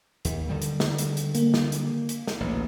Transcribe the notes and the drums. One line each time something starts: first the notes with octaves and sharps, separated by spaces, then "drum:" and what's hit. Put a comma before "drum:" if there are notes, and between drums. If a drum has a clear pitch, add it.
D#2, drum: hi-hat
D3 D#3 G3
drum: hi-hat
drum: snare
drum: hi-hat
drum: hi-hat
A#3, drum: hi-hat
drum: snare
drum: hi-hat
drum: hi-hat
drum: snare
A1 D2